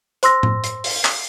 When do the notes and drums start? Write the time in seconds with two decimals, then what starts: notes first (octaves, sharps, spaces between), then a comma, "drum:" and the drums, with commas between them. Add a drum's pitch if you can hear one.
0.23 C5 C6 E6 A#6, drum: hi-hat
0.43 drum: tom A2
0.64 drum: hi-hat
0.84 drum: open hi-hat
1.05 drum: clap